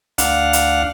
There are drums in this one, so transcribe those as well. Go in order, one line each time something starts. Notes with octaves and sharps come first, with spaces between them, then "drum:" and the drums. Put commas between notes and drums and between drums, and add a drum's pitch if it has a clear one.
D2 D4 F5 F#5, drum: hi-hat
drum: hi-hat